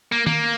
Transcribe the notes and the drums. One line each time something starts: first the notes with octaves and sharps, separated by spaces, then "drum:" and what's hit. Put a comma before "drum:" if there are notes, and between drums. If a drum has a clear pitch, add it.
A#3
A#3, drum: tom D#3